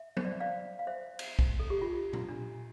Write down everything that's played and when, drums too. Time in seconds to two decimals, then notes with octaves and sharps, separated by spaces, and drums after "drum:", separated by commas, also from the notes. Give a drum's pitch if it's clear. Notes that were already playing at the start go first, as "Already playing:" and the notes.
Already playing: E5
0.17 C5, drum: tom F#3
0.25 D5
0.33 E5
0.40 D5 F5
0.79 F5
0.87 C5 E5
1.19 drum: cymbal
1.39 drum: kick
1.59 A4
1.70 G4
1.81 F4
2.13 drum: tom A#2
2.28 D4